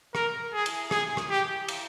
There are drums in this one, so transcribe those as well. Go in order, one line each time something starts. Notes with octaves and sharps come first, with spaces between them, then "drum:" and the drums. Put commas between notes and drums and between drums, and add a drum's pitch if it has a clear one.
A#4, drum: rim click
G#4
drum: cymbal
G#4, drum: rim click
drum: rim click
G4
drum: cymbal